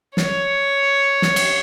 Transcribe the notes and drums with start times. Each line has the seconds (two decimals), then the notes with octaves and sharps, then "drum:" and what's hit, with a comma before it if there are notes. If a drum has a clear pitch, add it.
0.17 C#5, drum: snare
1.22 drum: snare
1.36 drum: cymbal